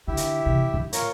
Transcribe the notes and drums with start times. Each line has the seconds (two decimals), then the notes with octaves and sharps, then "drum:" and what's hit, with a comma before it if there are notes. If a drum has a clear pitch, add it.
0.08 D3 E4 G4 E5
0.17 drum: hi-hat
0.46 C3 E3
0.73 A2 D#3
0.93 F4 A#4 C#5, drum: hi-hat